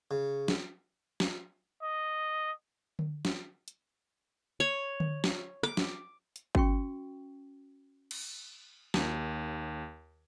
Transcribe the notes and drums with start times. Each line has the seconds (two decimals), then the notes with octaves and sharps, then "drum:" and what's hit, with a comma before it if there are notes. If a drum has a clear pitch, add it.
0.11 C#3
0.48 drum: snare
1.20 drum: snare
1.83 D#5
2.99 drum: tom D3
3.25 drum: snare
3.68 drum: hi-hat
4.60 C#5
5.00 drum: tom D3
5.24 drum: snare
5.63 D6, drum: rim click
5.77 drum: snare
6.36 drum: hi-hat
6.55 C#4 F#4 G5 C#6, drum: kick G1
8.11 drum: cymbal
8.94 D#2, drum: snare